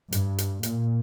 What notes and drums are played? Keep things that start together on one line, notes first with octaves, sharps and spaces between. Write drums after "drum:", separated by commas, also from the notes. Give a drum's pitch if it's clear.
G2, drum: hi-hat
drum: hi-hat
A#2, drum: hi-hat